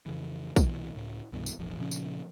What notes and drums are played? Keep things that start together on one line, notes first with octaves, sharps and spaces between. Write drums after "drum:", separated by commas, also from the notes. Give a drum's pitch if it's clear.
F2 C#3 E3
C2 B2 E3, drum: kick A#1, tambourine
C#2 A2
C2 G2 B2 E3
drum: tambourine
E1 A1 E2 F3
A#2 C#3 F3 C#4
drum: tambourine